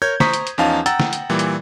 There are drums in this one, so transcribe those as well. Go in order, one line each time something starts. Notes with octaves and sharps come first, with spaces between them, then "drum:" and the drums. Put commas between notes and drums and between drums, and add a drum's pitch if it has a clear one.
A#4 C#5 G6 G#6
C5 A#5 C#6 D#6 B6, drum: snare
drum: hi-hat
drum: hi-hat
E2 F3 C#4 D#4 F5 A5
F#5 G5 A#5 E6 A6, drum: hi-hat
drum: snare
drum: hi-hat
A#2 E3 G3
drum: hi-hat